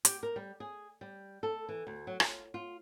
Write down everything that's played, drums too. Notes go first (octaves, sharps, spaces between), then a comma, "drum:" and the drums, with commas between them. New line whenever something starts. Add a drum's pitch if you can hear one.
G4, drum: hi-hat
A#4
G3
G#4
G3
A4
E3
D2
F#3
F4, drum: rim click
F4